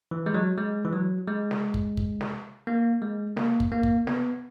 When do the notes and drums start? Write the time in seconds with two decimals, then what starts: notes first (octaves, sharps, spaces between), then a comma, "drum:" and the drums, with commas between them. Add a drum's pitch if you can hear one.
0.11 E3
0.26 G#3
0.34 F#3
0.58 G#3
0.85 E3
0.93 F#3
1.28 G#3
1.51 drum: snare
1.74 drum: kick
1.97 drum: kick
2.21 drum: snare
2.67 A#3
3.02 G#3
3.37 A#3, drum: snare
3.60 drum: kick
3.72 A#3
3.83 drum: kick
4.07 B3, drum: snare